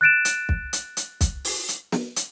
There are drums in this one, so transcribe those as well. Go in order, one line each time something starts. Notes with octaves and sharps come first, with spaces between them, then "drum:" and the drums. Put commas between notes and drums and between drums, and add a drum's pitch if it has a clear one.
F#6 A6 D7 E7
drum: hi-hat
drum: kick
drum: hi-hat
drum: hi-hat
drum: kick, hi-hat
drum: open hi-hat
drum: hi-hat
drum: snare
drum: hi-hat